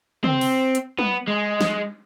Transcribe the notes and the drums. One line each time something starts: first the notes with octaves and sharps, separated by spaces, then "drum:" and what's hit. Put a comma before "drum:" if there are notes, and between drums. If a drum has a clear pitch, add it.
C4, drum: tom
drum: open hi-hat
drum: hi-hat
B3, drum: tom
G#3
drum: snare